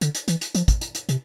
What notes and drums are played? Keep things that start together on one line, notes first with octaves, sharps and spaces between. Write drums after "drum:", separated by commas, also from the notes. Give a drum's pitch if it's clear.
D3, drum: hi-hat
drum: hi-hat
E3, drum: hi-hat
drum: hi-hat
F3, drum: hi-hat
drum: kick, hi-hat
drum: hi-hat
drum: hi-hat
C3, drum: hi-hat